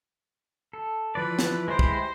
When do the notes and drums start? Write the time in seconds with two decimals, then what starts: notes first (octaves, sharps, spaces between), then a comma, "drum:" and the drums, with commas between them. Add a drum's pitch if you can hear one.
0.73 A4
1.15 E3 F3 B4 D5
1.39 drum: snare
1.68 G#3 E4 G4 C5
1.79 drum: kick